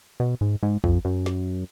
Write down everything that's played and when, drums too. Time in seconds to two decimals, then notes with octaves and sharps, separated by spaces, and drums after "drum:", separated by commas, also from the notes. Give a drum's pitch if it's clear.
0.20 B2
0.41 G#2
0.63 G#2
0.84 F2, drum: kick
1.05 F#2
1.26 drum: snare